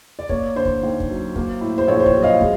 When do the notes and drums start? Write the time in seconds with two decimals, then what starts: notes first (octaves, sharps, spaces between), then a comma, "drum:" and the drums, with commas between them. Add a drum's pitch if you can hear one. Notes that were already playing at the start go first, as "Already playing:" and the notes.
0.19 D5
0.29 A#3 C#5, drum: kick
0.56 D3 C5
0.65 drum: kick
0.83 D#2
1.00 drum: kick
1.10 F#3
1.36 A#3, drum: kick
1.61 A2
1.78 C5
1.87 A#1 C#5
2.00 C5
2.06 C#5, drum: kick
2.14 F#3
2.22 D#5 F5
2.41 G#3, drum: kick